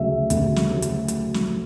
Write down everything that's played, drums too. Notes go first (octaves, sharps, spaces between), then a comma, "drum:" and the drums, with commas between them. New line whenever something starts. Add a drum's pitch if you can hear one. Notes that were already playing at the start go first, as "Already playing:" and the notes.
Already playing: D2 C#3 F#3 A3 E5
D2, drum: hi-hat
drum: snare
C#3 F#3 A3
drum: hi-hat
drum: hi-hat
drum: snare